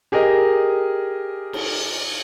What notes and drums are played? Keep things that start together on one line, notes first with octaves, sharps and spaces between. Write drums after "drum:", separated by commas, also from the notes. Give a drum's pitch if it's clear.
G4 G#4 A#4 D#5
drum: cymbal